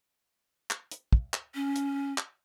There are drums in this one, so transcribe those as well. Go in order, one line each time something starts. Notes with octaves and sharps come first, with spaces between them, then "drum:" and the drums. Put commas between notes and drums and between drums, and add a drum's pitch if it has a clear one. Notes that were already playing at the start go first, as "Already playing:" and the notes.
drum: clap
drum: hi-hat
drum: kick
drum: clap
C#4
drum: hi-hat
drum: clap